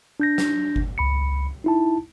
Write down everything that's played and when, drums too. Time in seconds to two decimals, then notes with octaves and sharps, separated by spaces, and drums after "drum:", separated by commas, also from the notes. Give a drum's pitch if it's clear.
0.20 D4 G6 A#6
0.38 drum: snare
0.76 drum: kick G1
0.98 C#2 B5 C#7
1.64 D#4 E4 A5